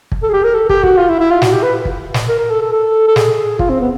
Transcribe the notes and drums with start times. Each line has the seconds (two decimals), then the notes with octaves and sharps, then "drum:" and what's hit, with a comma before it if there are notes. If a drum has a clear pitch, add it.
0.12 drum: kick
0.23 A4
0.29 G#4
0.33 G4
0.44 A#4
0.55 A4
0.69 G4, drum: kick
0.83 F#4, drum: kick
0.98 F4
1.09 E4
1.20 E4
1.31 F4
1.42 F#4, drum: snare
1.52 G4
1.63 B4
1.85 drum: kick
2.14 drum: snare
2.29 A#4
2.39 A#4
2.50 A4
2.62 A4
2.73 A4
3.07 A4
3.16 G#4, drum: snare
3.59 F4, drum: kick
3.70 C4
3.80 B3